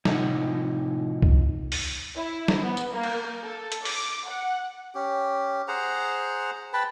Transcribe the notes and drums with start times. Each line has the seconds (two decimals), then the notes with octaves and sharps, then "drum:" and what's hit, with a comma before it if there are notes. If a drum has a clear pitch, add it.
0.05 A2 C3 F3 D#4 F#5, drum: snare
1.22 drum: kick
1.72 drum: open hi-hat
2.16 E4
2.48 drum: snare
2.62 B3
2.77 drum: tambourine
2.92 A#3
3.03 drum: cymbal
3.43 A4
3.72 drum: hi-hat
3.85 D6, drum: open hi-hat
4.28 F#5
4.95 C#4 G4
5.68 G#4 C5 F#5 A#5
6.73 B4 G5 A5 B5